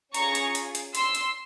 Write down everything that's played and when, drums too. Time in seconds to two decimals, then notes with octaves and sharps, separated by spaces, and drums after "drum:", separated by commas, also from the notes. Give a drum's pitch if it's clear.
0.14 C#4 F4 G#4 A#5 C#6, drum: hi-hat
0.35 drum: hi-hat
0.55 drum: hi-hat
0.75 drum: hi-hat
0.95 C6 E6, drum: hi-hat
1.15 drum: hi-hat